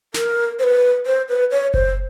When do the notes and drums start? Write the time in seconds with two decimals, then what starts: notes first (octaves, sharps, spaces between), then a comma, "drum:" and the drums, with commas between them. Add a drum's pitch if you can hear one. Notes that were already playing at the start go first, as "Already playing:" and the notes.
0.14 A#4, drum: snare
0.59 C5
0.64 B4
1.06 C5
1.29 B4
1.51 C#5
1.74 C5, drum: kick F#1